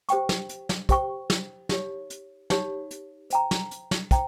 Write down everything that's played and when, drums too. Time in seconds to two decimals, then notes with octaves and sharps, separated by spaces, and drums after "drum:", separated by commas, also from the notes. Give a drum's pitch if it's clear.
0.09 G4 C5 G5 C#6, drum: hi-hat
0.29 drum: snare
0.49 drum: hi-hat
0.69 drum: snare
0.89 G4 C5 G5 C#6, drum: kick, hi-hat
1.30 drum: snare
1.69 D#4 G4 C#5, drum: snare
2.10 drum: hi-hat
2.50 D#4 G4 C#5, drum: snare
2.91 drum: hi-hat
3.30 C5 G5 A#5, drum: hi-hat
3.51 drum: snare
3.71 drum: hi-hat
3.91 drum: snare
4.11 C5 G5 A#5, drum: kick, hi-hat